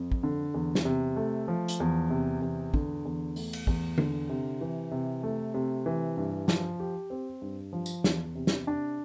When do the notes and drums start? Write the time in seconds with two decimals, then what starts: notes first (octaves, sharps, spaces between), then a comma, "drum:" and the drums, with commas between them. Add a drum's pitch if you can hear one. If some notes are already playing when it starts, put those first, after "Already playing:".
Already playing: F2
0.12 drum: kick
0.23 D3
0.54 E2
0.75 drum: snare
0.85 C3
1.16 A3
1.48 F3
1.68 drum: hi-hat
1.80 E2
2.10 C3
2.41 E2
2.74 D3, drum: kick
3.05 E2
3.36 A3, drum: open hi-hat
3.53 drum: cymbal
3.67 E2, drum: kick
3.98 D3, drum: tom D3
4.29 C3
4.61 E3
4.91 C3
5.23 A3
5.54 C3
5.86 E3
6.17 G2
6.48 F3, drum: snare
6.80 G4
7.10 C4
7.42 G2
7.73 F3
7.86 drum: tambourine
8.04 E2, drum: snare
8.35 C3
8.47 drum: snare
8.67 D4